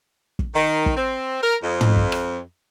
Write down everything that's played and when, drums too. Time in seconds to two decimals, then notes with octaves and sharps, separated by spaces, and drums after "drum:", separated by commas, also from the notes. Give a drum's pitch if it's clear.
0.39 drum: kick
0.55 D#3
0.86 drum: kick
0.96 C4
1.42 A#4
1.63 F2
1.81 drum: tom
1.96 drum: kick
2.12 drum: rim click